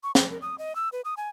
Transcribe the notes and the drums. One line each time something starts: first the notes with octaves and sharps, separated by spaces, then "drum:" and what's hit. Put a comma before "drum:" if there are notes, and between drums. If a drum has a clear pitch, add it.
C#6
C5, drum: snare
A#4
D#6
D#5
E6
B4
D#6
G#5